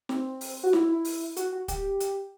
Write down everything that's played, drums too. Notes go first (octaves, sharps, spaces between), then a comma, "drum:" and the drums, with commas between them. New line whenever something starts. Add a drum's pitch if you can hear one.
C4, drum: snare
drum: open hi-hat
F#4
E4, drum: snare
E4
drum: open hi-hat
F#4, drum: hi-hat
F#4
G4, drum: kick, hi-hat
drum: hi-hat